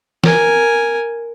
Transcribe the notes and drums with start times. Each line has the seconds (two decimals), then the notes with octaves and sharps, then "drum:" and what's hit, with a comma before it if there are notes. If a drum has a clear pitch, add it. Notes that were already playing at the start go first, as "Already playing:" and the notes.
0.24 A#4 G#5, drum: snare